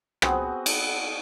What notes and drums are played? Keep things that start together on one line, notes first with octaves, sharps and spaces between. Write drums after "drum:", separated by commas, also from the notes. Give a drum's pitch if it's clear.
B3 C4 F#4 G#4, drum: rim click
drum: cymbal